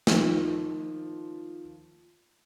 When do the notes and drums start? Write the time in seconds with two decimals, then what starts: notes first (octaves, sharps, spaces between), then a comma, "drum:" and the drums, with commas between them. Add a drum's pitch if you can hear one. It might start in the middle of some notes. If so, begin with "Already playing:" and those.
0.07 D#3 F3, drum: snare